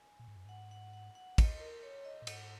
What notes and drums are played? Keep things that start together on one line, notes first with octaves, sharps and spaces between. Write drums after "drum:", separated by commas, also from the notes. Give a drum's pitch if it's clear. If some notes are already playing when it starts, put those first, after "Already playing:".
Already playing: G#5
A#2
G#2
F#2
G#2 F#5
F#5
F#5
F#5
D#5, drum: kick, cymbal
A#4
C#5
D#5
A#2
G#2 F#5, drum: cymbal